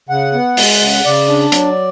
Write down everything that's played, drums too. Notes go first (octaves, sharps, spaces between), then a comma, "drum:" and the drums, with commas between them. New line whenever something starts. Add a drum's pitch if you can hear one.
C#3 F#5
B3
G#3, drum: open hi-hat
C#3
C#3 D5
D4
F#3, drum: hi-hat